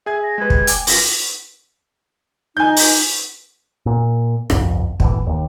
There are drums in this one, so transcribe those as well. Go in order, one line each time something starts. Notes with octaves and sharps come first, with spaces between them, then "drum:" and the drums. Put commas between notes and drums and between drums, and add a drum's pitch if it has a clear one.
G#4 E5 G#5 G#6
A#6
G#3 G4 B4 G#6
drum: kick
G5 G#5 D6, drum: hi-hat
F#2 F4 A#6, drum: open hi-hat
D#4 G#5 G6
drum: open hi-hat
A#2
G1 C2 F2, drum: rim click
G#1 E2 A2 E3, drum: kick
D#2